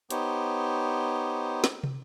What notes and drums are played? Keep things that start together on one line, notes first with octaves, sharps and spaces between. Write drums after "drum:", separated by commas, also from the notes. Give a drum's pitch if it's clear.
B3 D#4 G4 C5 C#5, drum: hi-hat
drum: snare
drum: tom